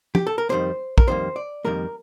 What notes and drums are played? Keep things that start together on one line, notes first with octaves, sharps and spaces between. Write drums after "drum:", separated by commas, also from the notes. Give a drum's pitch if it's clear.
G4, drum: tom
A4
A#4
F2 D#3 G3 A#3 C5
A#4, drum: kick
F2 D#3 G3 A#3 C5
D5
F2 D#3 G3 A#3 A#4